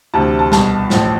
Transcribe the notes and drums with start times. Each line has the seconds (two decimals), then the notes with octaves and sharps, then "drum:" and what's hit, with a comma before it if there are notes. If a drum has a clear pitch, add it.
0.14 D2 C3 E3 A5
0.39 A5
0.52 C2 B2 A5, drum: snare
0.90 A1 A2 F3, drum: snare